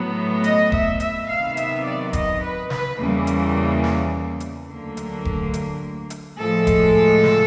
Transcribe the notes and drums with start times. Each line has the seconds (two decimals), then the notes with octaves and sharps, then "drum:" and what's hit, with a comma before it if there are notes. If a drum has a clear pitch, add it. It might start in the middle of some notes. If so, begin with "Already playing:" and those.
Already playing: A2 F#3 B3
0.44 D#5, drum: hi-hat
0.72 E5, drum: kick E1
1.00 E5, drum: hi-hat
1.28 C3 D#3 F#3 B3 F5
1.57 E5, drum: hi-hat
1.85 D5
2.13 D#5, drum: kick E1, hi-hat
2.42 B4
2.70 B4, drum: snare
2.99 E2 C#3 E3 G3 A#3
3.27 drum: hi-hat
3.84 drum: snare
4.40 drum: hi-hat
4.69 D2 D3 F#3 A#3
4.97 drum: hi-hat
5.25 drum: kick E1
5.54 drum: hi-hat
6.10 drum: hi-hat
6.38 A2 F3 G#3 A4
6.67 drum: kick E1, hi-hat
7.24 drum: snare